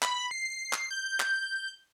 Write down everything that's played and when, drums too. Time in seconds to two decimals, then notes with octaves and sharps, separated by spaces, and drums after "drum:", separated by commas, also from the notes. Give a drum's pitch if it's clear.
0.02 B5, drum: clap
0.31 C7
0.73 drum: clap
0.91 G6
1.20 drum: clap